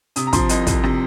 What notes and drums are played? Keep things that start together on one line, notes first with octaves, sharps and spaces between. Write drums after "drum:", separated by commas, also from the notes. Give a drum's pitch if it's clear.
C3 D#6, drum: hi-hat
A#5
F3 C6, drum: kick, hi-hat
C2 D#5, drum: hi-hat
C2, drum: kick, hi-hat
C3, drum: rim click